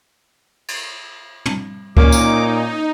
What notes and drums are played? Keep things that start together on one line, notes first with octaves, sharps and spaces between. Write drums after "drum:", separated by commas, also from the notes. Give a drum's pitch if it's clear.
drum: cymbal
drum: tom
A#2 A#3 C#4 D#4 D6, drum: kick C#2
drum: tambourine